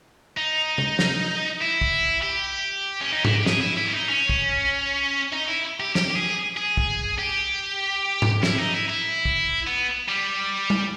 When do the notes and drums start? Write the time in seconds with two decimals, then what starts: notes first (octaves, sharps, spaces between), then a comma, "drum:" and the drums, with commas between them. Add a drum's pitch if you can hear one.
0.37 D#4
0.78 drum: tom C3
0.99 drum: snare
1.61 E4
1.81 drum: kick
2.23 G4
3.01 C#4
3.13 D#4
3.25 E4, drum: tom G#2
3.35 G4
3.46 G#4, drum: snare
3.62 E4
3.77 E4
3.86 C#4
3.94 D#4
4.09 C#4
4.29 drum: kick
5.33 D#4
5.48 E4
5.80 G4
5.95 G4, drum: snare
6.10 G4
6.16 G#4
6.57 G#4
6.77 drum: kick
7.19 G4
8.22 drum: tom G#2
8.43 E4, drum: snare
8.58 D#4
8.74 E4
8.89 E4
9.25 drum: kick
9.67 B3
10.08 G3
10.70 drum: tom G3